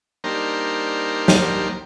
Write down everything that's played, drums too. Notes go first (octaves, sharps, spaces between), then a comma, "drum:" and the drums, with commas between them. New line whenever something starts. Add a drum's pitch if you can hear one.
G3 A#3 D4 D#4 A#4 C5
drum: snare